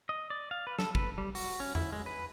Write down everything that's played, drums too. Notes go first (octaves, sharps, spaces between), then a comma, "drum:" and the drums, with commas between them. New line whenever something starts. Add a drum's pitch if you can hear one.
D#5
D5
F5
B4
A4, drum: snare
B4, drum: kick
G3
F#4, drum: open hi-hat
C#4
E4, drum: tom E2
G#3
B4